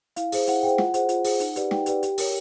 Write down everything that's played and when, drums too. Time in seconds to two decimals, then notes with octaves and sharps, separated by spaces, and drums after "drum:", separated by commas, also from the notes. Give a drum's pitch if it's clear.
0.16 E4 F5, drum: hi-hat
0.32 G#4 C5, drum: open hi-hat
0.47 E4 F#5, drum: hi-hat
0.63 G#4 C5 G5
0.78 F4 F#5, drum: snare
0.94 G#4 C5 F#5, drum: hi-hat
1.09 F4, drum: hi-hat
1.25 G#4 C5, drum: open hi-hat
1.40 D#4, drum: hi-hat
1.56 G4 B4 D5, drum: hi-hat
1.71 D#4 G5, drum: snare
1.86 G4 B4 D5, drum: hi-hat
2.03 G4, drum: hi-hat
2.18 A#4 C#5, drum: open hi-hat